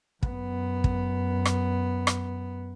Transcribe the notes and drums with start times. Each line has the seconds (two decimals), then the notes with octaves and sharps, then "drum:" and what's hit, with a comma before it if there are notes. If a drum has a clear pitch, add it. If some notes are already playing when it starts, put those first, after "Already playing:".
0.23 F#2 B3, drum: kick
0.84 drum: kick
1.45 drum: rim click
2.07 drum: rim click